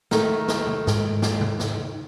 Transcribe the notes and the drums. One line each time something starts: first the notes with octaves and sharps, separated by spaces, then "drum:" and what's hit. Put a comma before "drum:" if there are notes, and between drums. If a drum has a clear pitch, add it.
D#3 A3, drum: snare
drum: snare
drum: tom C3
G#2, drum: snare
drum: snare
drum: tom C3
drum: snare